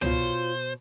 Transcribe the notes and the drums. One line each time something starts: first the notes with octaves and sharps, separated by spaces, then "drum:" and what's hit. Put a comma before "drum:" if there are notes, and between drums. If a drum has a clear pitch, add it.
B2 F4 C5 C#5, drum: tom